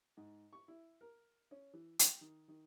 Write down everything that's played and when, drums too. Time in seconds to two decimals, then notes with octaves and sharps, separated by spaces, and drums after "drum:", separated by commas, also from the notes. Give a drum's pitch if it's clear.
0.17 G#2
0.53 C#6
0.68 E4
1.01 A#4
1.51 C#4
1.73 E3
1.99 G5, drum: hi-hat
2.21 D#3
2.48 D#3